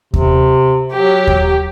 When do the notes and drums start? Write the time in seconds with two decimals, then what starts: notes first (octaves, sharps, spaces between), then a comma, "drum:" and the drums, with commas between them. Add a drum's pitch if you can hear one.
0.14 C3, drum: kick D#2
0.95 F#3 G4
1.27 drum: kick D#2